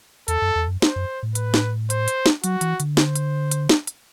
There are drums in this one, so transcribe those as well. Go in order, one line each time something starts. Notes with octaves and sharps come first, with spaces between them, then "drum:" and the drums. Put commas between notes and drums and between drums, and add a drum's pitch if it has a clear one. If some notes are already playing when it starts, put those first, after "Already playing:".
E2 A4, drum: hi-hat
F#2
E2
F#2
C5, drum: snare
F#2
A2
B4, drum: hi-hat
drum: snare
C5, drum: hi-hat
drum: hi-hat
drum: snare
F#3 F#4, drum: hi-hat
E3, drum: hi-hat
D3, drum: hi-hat
C5, drum: snare
drum: hi-hat
drum: hi-hat
drum: snare
drum: hi-hat